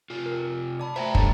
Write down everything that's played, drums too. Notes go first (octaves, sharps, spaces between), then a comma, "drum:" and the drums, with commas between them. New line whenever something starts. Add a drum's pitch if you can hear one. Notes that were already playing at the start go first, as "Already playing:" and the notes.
C3 F4
A#4
D5 A5 B5 D6
A3 F#4 C5 E5 G5 A#5 A#6
G3 D4 A4 C#5 D5, drum: kick